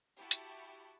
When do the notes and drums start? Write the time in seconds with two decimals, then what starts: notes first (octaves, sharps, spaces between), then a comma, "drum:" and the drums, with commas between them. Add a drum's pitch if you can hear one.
0.19 E4 F#4 G4 A5
0.31 drum: hi-hat